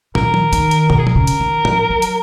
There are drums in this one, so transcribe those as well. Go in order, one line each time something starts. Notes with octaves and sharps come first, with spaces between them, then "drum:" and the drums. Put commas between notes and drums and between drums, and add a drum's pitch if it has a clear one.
D#3 A#4, drum: tom
drum: tom
D#3, drum: hi-hat
drum: hi-hat
B2 A#4, drum: tom
G#4
A#4, drum: tom
C#3
drum: hi-hat
D#3
F3, drum: tom
F#3
drum: hi-hat